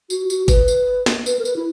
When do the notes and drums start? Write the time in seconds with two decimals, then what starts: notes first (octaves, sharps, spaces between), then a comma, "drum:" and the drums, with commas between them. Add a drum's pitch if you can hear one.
0.10 F#4, drum: tambourine
0.30 F#4, drum: tambourine
0.48 B4, drum: kick G#1, tambourine
0.68 drum: tambourine
1.06 drum: snare
1.26 B4, drum: tambourine
1.39 A#4
1.45 B4, drum: tambourine
1.56 E4